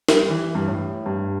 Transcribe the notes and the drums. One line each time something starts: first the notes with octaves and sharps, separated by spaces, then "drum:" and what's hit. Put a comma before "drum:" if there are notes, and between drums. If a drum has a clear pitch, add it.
G3, drum: snare
E3
G2
A2
G2